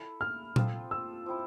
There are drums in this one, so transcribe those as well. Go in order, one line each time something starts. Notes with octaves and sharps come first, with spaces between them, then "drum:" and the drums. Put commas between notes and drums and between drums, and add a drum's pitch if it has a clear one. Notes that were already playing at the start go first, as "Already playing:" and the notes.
Already playing: E4 A4 E5
F6
F3 C4 F4 A4, drum: tom A#2
E6
F3 C4 E4